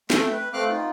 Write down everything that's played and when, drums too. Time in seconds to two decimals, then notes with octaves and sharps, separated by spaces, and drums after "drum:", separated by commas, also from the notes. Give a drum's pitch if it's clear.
0.10 A3 E5 G5 G6, drum: snare
0.32 B4
0.53 A3 C4 F5 D6 F6 F#6
0.69 B3 D#4 F4